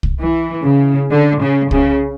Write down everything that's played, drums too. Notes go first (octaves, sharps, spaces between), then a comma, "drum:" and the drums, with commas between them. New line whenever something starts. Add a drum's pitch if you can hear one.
drum: kick C2
E3
C#3
D3
C#3
C#3, drum: kick C2